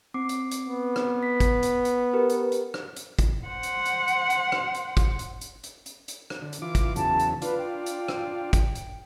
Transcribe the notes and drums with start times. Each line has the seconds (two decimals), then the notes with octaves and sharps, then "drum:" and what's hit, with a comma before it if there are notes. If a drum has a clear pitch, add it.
0.14 C4 D6 C7
0.29 drum: hi-hat
0.51 drum: hi-hat
0.69 B3
0.96 drum: rim click
1.23 B6
1.40 drum: kick, hi-hat
1.63 drum: hi-hat
1.85 drum: hi-hat
2.13 G4 A#4 B4
2.29 drum: hi-hat
2.52 drum: hi-hat
2.74 drum: rim click
2.96 drum: hi-hat
3.19 drum: kick, hi-hat
3.47 C5 F#5
3.63 drum: hi-hat
3.85 drum: hi-hat
4.08 drum: hi-hat
4.30 drum: hi-hat
4.52 drum: rim click
4.74 drum: hi-hat
4.97 drum: kick, hi-hat
5.19 drum: hi-hat
5.41 drum: hi-hat
5.64 drum: hi-hat
5.86 drum: hi-hat
6.08 drum: hi-hat
6.30 drum: rim click
6.42 D3
6.53 drum: hi-hat
6.62 E3 F4 D6
6.75 drum: kick, hi-hat
6.96 E2 C#3 F#3 A5, drum: hi-hat
7.19 drum: hi-hat
7.42 D4 F4 B4, drum: hi-hat
7.58 G5
7.86 drum: hi-hat
8.08 drum: rim click
8.53 drum: kick, hi-hat
8.75 drum: hi-hat